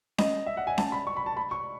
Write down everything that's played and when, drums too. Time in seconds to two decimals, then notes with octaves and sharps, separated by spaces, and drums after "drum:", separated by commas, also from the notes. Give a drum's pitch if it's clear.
0.18 D#5, drum: snare C#4
0.46 E5
0.57 F#5
0.67 G#5
0.78 A5, drum: snare C#4
0.92 B5
1.07 C#6
1.17 B5
1.26 A5
1.37 B5
1.51 C#6